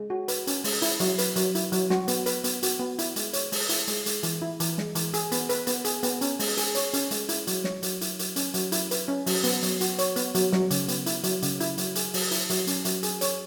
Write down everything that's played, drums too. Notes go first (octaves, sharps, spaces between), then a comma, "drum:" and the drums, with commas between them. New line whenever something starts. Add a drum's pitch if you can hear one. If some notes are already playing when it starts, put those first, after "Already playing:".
Already playing: G#3
F#4
B4, drum: hi-hat
C#4, drum: hi-hat
G#3, drum: open hi-hat
E4, drum: hi-hat
F#3, drum: hi-hat
B4, drum: hi-hat
F#3, drum: hi-hat
E4, drum: hi-hat
F#3, drum: hi-hat
F#4, drum: snare
B3, drum: hi-hat
B4, drum: hi-hat
B3, drum: hi-hat
F#4, drum: hi-hat
B3
E4, drum: hi-hat
G#3, drum: hi-hat
C#5, drum: hi-hat
G#3, drum: open hi-hat
E4, drum: hi-hat
G#3, drum: hi-hat
G#3, drum: hi-hat
E3, drum: hi-hat
E4
E3, drum: hi-hat
G#3, drum: snare
E3, drum: hi-hat
G#4, drum: hi-hat
B3, drum: hi-hat
B4, drum: hi-hat
B3, drum: hi-hat
G#4, drum: hi-hat
B3, drum: hi-hat
C#4, drum: hi-hat
G#3, drum: open hi-hat
G#4, drum: hi-hat
C#5, drum: hi-hat
C#4, drum: hi-hat
G#3, drum: hi-hat
E4, drum: hi-hat
F#3, drum: hi-hat
C#5, drum: snare
F#3, drum: hi-hat
E4, drum: hi-hat
F#3, drum: hi-hat
C#4, drum: hi-hat
F#3, drum: hi-hat
E4, drum: hi-hat
B4, drum: hi-hat
C#4
F#3, drum: open hi-hat
B3, drum: hi-hat
F#3, drum: hi-hat
F#4, drum: hi-hat
C#5, drum: hi-hat
B3, drum: hi-hat
F#3, drum: hi-hat
F#3, drum: snare
C#3, drum: hi-hat
B3, drum: hi-hat
E4, drum: hi-hat
F#3, drum: hi-hat
C#3, drum: hi-hat
E4, drum: hi-hat
F#3, drum: hi-hat
G#4, drum: hi-hat
F#3, drum: open hi-hat
E4, drum: hi-hat
F#3, drum: hi-hat
C#4, drum: hi-hat
F#3, drum: hi-hat
G#4, drum: hi-hat
C#5, drum: hi-hat